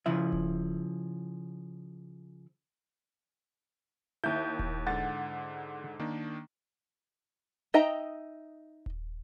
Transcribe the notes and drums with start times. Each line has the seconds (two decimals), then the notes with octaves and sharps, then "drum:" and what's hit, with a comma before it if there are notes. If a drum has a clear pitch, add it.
0.06 C#3 F3 E4 E5
0.32 drum: kick D#1
4.24 D#2 E4 G6
4.59 drum: kick D#1
4.87 G#2 D3 F#5 A6
5.99 D#3 A#3 D4
7.74 D#4 D#5 E5 G5 A#5
8.86 drum: kick D#1